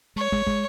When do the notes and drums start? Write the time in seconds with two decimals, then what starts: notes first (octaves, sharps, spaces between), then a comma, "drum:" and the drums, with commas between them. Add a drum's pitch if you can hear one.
0.16 G#3 C#5
0.32 G#3, drum: kick
0.47 G#3, drum: kick